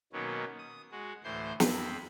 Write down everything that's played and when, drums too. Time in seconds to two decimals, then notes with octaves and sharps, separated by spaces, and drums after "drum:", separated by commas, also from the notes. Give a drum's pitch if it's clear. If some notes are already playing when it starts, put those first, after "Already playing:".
0.13 B2 D#3 F#3 A#3 B3 C#4
0.59 D#6
0.92 G#3 F#4
1.24 D2 A2 E3 C5 C6 G6
1.60 F2 C4 B5, drum: snare